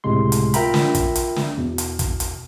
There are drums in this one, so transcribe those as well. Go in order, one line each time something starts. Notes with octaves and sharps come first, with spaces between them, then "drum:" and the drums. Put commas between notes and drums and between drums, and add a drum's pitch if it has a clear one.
C#2 A2 C3 G#3 C6
drum: hi-hat
F4 A#4 E5 G5 A#5 B5, drum: hi-hat
drum: snare
drum: kick, hi-hat
drum: hi-hat
drum: snare
E2 B2
drum: hi-hat
drum: kick, hi-hat
drum: hi-hat